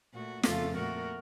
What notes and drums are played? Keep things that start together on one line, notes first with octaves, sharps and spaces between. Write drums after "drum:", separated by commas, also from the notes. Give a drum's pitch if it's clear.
A#2 A3 F#4
F2 C#3 A3 F4 A4, drum: snare
A#2 A3 F#4 A#4